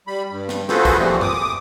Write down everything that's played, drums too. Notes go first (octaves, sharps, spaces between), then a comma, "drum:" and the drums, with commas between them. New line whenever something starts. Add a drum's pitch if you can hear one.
G3 B5
G2
drum: snare
F4 F#4 G#4 A4 B4 C5, drum: snare
drum: kick, tambourine
A#2 E3 F3 G3 A3 C4
D6 D#6, drum: tom F#2